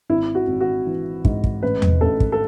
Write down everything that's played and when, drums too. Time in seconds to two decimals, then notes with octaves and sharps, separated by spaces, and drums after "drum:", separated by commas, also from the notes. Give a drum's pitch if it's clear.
0.09 G#1 E4
0.35 F#4
0.47 G#1
0.60 F#4
0.86 E3
1.25 G#2, drum: kick
1.44 drum: kick
1.63 A1 B4
1.82 drum: tom E2
2.01 A1 A4
2.20 drum: kick
2.32 A4